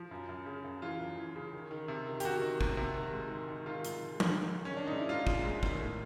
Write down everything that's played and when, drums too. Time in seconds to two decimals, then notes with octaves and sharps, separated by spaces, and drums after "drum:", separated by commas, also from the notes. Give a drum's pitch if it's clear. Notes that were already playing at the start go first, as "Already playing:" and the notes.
Already playing: F3
0.11 F#2
0.29 F#2
0.46 C#3
0.64 F#2
0.82 E3 F4
1.00 F#2
1.18 E3
1.36 C#3
1.53 D#3
1.71 D#3
1.88 C3
2.07 D#3
2.20 G4, drum: hi-hat
2.24 D#3 F#4
2.42 D#3
2.61 C3, drum: kick
2.77 C3
2.96 D#3
3.13 G#2
3.31 D#3
3.48 D#3
3.66 D#3 F4
3.85 G#2, drum: hi-hat
4.02 G#2
4.20 D#3, drum: tom
4.38 D#3
4.56 D#3
4.65 C#4
4.73 D#3 D4
4.87 G#2 D#4
4.99 E4
5.09 G#2 F4
5.27 G#2, drum: kick
5.44 G#2
5.63 D#3, drum: kick
5.81 A2